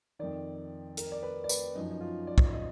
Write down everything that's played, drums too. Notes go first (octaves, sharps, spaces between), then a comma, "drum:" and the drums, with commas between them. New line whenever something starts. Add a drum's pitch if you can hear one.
F2 D#3 D5
A#4, drum: hi-hat
D5
B4
D5
B4, drum: tambourine
F#2 F3 D#4
D#4
F4
D5
drum: kick
D#5